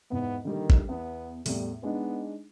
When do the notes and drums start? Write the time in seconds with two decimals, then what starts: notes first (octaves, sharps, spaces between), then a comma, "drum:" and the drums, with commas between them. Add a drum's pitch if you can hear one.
0.11 E2 G#2 B3
0.45 D3 D#3 G3 A#3
0.70 drum: kick G#1
0.89 E2 B3
1.46 E2 A2 G3, drum: open hi-hat
1.83 G#3 B3 D4 D#4